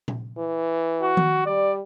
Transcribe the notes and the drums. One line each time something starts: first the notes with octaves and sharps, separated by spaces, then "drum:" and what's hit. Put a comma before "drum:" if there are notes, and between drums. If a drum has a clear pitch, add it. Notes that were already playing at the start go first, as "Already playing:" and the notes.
drum: tom A#2
E3
F#4
drum: tom D#3
G3 D5